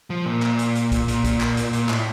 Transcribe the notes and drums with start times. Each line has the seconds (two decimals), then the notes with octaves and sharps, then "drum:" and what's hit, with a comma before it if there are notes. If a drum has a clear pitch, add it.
0.10 F3
0.26 A#2
0.42 drum: clap
0.59 drum: hi-hat
0.75 drum: hi-hat
0.92 drum: kick, hi-hat
1.08 A#2, drum: hi-hat
1.24 drum: kick, hi-hat
1.41 drum: clap
1.57 drum: hi-hat
1.73 A#2, drum: hi-hat
1.89 A2, drum: clap